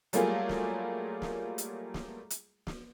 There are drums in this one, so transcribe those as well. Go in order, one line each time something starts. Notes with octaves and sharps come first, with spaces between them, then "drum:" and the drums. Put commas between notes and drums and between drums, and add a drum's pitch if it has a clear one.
F#3 G3 A3 A#3 F4 G#4, drum: hi-hat
drum: snare
drum: snare
drum: hi-hat
drum: snare
drum: hi-hat
drum: snare